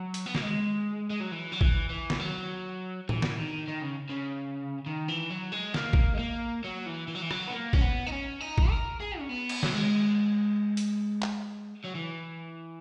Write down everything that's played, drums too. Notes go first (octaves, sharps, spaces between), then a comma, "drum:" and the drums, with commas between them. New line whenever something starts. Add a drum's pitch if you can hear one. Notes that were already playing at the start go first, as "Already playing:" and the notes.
Already playing: F#3
drum: hi-hat
B3
A#3, drum: snare
G#3
G#3
F#3
E3
F#3
E3, drum: kick A1
E3
drum: snare
F#3
E3, drum: tom A2
drum: snare
D#3
D#3
C#3
C#3
D#3
E3
F#3
G#3
A#3, drum: snare
drum: kick A1
G#3
A#3
F#3
E3
E3
F#3
E3
F#3, drum: rim click
B3
A#3
C#4, drum: kick A1
B3
D#4
C#4
D#4
drum: kick A1
A#4
G#4
C#4
B3
drum: cymbal
F#3, drum: snare
G#3
drum: hi-hat
drum: clap
F#3
E3